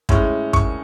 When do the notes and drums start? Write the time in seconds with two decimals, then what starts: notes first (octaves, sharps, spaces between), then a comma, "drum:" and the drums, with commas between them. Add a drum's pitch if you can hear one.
0.09 A2 G#3 C#4, drum: kick
0.53 C#6, drum: kick